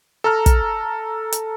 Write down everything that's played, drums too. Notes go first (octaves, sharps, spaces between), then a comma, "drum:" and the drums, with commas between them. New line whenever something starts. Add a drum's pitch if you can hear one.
A4 A#5 F6
drum: kick, hi-hat
drum: hi-hat